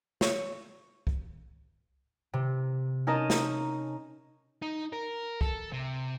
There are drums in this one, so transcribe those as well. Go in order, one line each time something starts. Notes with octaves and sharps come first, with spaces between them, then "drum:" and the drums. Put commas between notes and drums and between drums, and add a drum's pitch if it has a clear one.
C#5, drum: snare
drum: kick
C3
C#4 D#4 A#4 D#5 A5
drum: snare
D#4
A#4
A4, drum: kick
C3